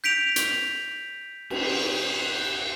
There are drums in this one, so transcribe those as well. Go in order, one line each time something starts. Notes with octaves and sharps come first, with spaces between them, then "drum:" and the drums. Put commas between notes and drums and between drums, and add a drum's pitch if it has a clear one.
G6 B6 D7 F7
drum: hi-hat
drum: cymbal